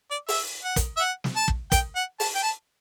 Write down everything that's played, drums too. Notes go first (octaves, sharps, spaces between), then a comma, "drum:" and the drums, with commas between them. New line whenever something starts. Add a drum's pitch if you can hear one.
D5
E5, drum: open hi-hat
F#5
drum: kick, hi-hat
E5
F#5
drum: snare
A5
drum: kick
G5, drum: kick, hi-hat
F#5
A5, drum: open hi-hat
G5
A5